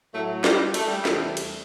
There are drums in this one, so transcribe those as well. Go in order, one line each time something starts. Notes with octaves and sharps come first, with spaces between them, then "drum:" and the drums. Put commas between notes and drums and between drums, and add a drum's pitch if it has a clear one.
A2 F#3 A3
G3, drum: snare
A3, drum: cymbal
G3
A3
E2 C3 G3, drum: snare
drum: cymbal